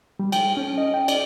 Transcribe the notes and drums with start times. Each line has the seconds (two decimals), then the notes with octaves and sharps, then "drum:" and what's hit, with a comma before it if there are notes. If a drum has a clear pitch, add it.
0.19 G3
0.32 G5, drum: cymbal
0.57 C#4
0.78 D#5
0.94 G5
1.08 D5, drum: cymbal